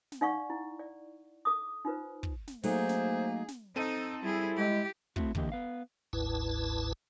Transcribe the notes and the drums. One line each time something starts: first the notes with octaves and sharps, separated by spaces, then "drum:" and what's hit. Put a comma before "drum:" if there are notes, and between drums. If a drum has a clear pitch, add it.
drum: snare
D#4 D5 F5 F#5 C#6
E4
D5
A4 D6 D#6
D#4 F4 B4 C5
drum: kick
drum: snare
F#3 A3 A#3 D#4 G#4 C5, drum: open hi-hat
drum: snare
drum: snare
C4 D#4 A4 D#7
G3 E4 G#4
G#3 G4
A3 A#3 C4 E4 F#4, drum: kick
D2 D3 E3 A#3 G4 D#5, drum: kick
B3 F5
G1 D2 G#2 E4 B4 A5